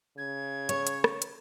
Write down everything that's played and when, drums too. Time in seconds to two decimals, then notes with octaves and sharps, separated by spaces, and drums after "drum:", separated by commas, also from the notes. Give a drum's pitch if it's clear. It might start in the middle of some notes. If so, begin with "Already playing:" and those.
0.18 C#3 G#6
0.69 C#5, drum: hi-hat
0.87 drum: hi-hat
1.04 drum: rim click
1.22 drum: hi-hat